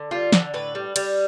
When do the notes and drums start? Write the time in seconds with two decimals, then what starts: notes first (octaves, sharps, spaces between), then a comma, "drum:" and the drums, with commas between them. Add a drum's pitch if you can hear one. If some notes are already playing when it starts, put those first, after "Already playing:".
Already playing: D3
0.11 G3 F4
0.32 D3, drum: snare
0.54 A2 B4
0.75 G3
0.96 G3, drum: cymbal